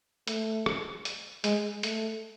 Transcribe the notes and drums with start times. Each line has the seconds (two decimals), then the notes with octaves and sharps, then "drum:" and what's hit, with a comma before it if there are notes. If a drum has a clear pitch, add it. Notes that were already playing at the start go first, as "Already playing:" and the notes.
0.27 A3, drum: hi-hat
0.66 drum: rim click
1.05 drum: hi-hat
1.44 G#3, drum: hi-hat
1.83 A3, drum: hi-hat